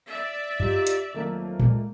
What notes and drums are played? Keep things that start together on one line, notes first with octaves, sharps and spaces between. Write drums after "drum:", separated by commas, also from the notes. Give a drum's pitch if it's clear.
D5 E5
D#4 F4 G4, drum: tom F#2
drum: hi-hat
F2 D#3 F#3 A3 A#3
A#2 G#3, drum: tom A#2